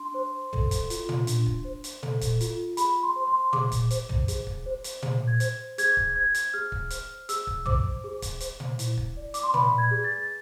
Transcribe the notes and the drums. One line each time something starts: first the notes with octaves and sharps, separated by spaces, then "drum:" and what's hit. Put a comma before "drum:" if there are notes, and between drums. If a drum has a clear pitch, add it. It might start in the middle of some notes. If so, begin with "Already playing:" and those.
Already playing: D4 C6
C5
A4, drum: tom
drum: kick, hi-hat
F4, drum: hi-hat
drum: tom
D4, drum: hi-hat
drum: kick
C5
drum: hi-hat
A4, drum: tom
drum: kick, hi-hat
F4, drum: hi-hat
G#4 B5, drum: hi-hat
C6
C5
C6
G#4 D6, drum: tom
drum: kick, hi-hat
C5, drum: hi-hat
drum: tom
G#4, drum: hi-hat
drum: kick
C5
drum: hi-hat
G#4, drum: tom
G#6
C5, drum: hi-hat
G#4 G#6, drum: hi-hat
drum: kick
C5 G#6
drum: hi-hat
G#4 F6
drum: kick
C5, drum: hi-hat
G#4 E6, drum: hi-hat
drum: kick
C5 D6, drum: tom
G#4
drum: kick, hi-hat
C5, drum: hi-hat
drum: tom
E4, drum: hi-hat
drum: kick
D5
D6, drum: hi-hat
C6
B4 B5, drum: tom
G#6
G#4
A6
A6